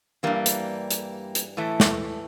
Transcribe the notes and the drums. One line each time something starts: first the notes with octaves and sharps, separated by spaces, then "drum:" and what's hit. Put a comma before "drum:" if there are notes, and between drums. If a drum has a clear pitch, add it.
G2 E3 G3 A#3
drum: hi-hat
drum: hi-hat
drum: hi-hat
A2 E3 A3
drum: snare